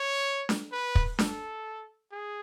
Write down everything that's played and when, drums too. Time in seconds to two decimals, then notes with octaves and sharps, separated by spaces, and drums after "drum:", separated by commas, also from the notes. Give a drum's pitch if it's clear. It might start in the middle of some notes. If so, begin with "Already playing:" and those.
Already playing: C#5
0.49 drum: snare D4
0.72 B4
0.95 drum: kick
1.19 A4, drum: snare D4
2.12 G#4